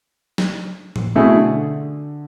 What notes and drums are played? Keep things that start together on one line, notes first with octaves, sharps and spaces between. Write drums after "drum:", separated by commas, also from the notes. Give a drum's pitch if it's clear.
drum: snare
drum: tom A2
B2 A3 C4 E4 G#4
D3